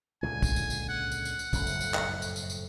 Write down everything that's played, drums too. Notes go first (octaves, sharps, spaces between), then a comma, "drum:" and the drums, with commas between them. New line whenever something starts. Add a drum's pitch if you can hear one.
C#2 A#2 D3 G#5
drum: kick, tambourine
drum: tambourine
drum: tambourine
F#5
drum: tambourine
drum: tambourine
drum: tambourine
F#1 F2 A2, drum: kick, tambourine
drum: tambourine
drum: tambourine
drum: clap
drum: tambourine
drum: tambourine
drum: tambourine